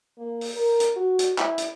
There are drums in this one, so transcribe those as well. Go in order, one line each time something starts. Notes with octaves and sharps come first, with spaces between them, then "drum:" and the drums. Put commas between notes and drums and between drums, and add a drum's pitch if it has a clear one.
A#3
drum: open hi-hat
A#4
drum: hi-hat
F#4
drum: hi-hat
E4, drum: clap
drum: hi-hat